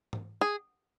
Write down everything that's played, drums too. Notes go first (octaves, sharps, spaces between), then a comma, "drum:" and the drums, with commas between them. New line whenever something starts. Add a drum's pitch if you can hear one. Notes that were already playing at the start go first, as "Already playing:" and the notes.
drum: tom G#2
G#4